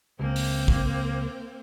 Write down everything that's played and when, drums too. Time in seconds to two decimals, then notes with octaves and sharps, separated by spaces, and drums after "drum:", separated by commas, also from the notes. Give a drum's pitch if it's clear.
0.19 C#2 A#3 C4
0.36 drum: open hi-hat
0.68 drum: kick